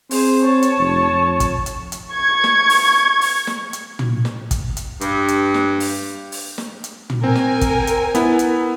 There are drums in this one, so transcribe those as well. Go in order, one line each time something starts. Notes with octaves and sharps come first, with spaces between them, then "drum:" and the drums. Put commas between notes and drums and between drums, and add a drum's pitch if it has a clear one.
C4 G#4 C5, drum: open hi-hat
C#5 A5
drum: hi-hat
F1
F2
drum: kick, hi-hat
drum: hi-hat
drum: hi-hat
C#6 G#6
drum: snare
drum: open hi-hat
drum: open hi-hat
drum: snare
drum: hi-hat
drum: tom
drum: snare
drum: kick, hi-hat
drum: hi-hat
G2, drum: hi-hat
drum: hi-hat
drum: snare
drum: open hi-hat
drum: open hi-hat
drum: snare
drum: hi-hat
drum: tom
C4 A#4 G#5
drum: snare
drum: kick, hi-hat
drum: hi-hat
B3 E4, drum: hi-hat
drum: hi-hat